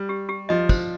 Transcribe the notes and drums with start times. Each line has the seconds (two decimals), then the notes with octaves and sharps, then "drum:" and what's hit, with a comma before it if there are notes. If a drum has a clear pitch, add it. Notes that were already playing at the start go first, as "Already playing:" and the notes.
Already playing: G3
0.09 G4
0.29 G4
0.49 F3 D#5
0.69 C5, drum: kick, tambourine